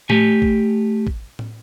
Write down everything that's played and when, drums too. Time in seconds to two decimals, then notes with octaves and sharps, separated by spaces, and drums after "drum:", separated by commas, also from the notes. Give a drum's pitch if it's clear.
0.10 A3 G4 G#5, drum: tom A2
0.42 drum: kick
1.07 drum: kick
1.39 drum: tom A2